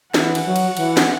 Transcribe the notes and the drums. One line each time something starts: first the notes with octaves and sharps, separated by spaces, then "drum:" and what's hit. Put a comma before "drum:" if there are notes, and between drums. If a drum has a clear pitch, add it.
E3 F#5, drum: snare
drum: cymbal
F#3
drum: cymbal
E3, drum: cymbal
drum: snare